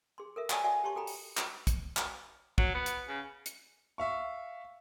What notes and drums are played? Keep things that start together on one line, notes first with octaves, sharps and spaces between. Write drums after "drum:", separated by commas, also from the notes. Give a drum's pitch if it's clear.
G#4 C6
A4 A#4 E5
C#5 D5 G#5 A5, drum: clap
F#4 D5 E5 F#5 G#5
G4 C#5 A5 C6 C#6
F#4 A4 G5 A#5 B5
drum: open hi-hat
drum: clap
drum: kick, hi-hat
drum: clap
F#3, drum: kick
B3
drum: hi-hat
C#3
drum: hi-hat
E5 F5 C#6